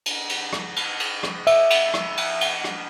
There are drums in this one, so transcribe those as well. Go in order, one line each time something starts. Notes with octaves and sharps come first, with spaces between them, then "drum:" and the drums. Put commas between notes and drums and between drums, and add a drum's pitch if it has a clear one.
drum: cymbal
drum: cymbal
drum: rim click
drum: cymbal
drum: cymbal
drum: rim click
E5, drum: cymbal
drum: cymbal
drum: rim click
drum: cymbal
drum: cymbal
drum: rim click